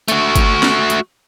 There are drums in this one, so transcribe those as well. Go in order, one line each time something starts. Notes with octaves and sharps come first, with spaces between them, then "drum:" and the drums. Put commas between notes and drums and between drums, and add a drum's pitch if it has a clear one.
A3 F#4, drum: hi-hat
drum: kick G1, hi-hat
drum: snare
drum: hi-hat